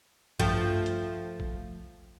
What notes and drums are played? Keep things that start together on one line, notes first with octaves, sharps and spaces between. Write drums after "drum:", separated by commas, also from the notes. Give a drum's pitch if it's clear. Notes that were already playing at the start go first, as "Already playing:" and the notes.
G2 F3 A3 G5, drum: kick A1
drum: hi-hat
drum: kick A1